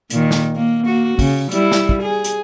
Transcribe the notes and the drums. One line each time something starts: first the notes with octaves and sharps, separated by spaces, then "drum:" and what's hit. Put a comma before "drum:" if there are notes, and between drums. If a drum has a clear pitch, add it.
A#2 D#3, drum: hi-hat
drum: snare
A#3
A#3 F#4
C#3, drum: kick, open hi-hat
G3 E4, drum: hi-hat
drum: snare
drum: kick
G#4
drum: hi-hat